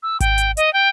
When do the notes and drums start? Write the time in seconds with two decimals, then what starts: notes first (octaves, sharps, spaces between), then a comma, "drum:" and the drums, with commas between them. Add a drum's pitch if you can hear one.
0.03 E6
0.20 G5, drum: kick G#1, hi-hat
0.38 drum: hi-hat
0.57 D#5, drum: hi-hat
0.73 G5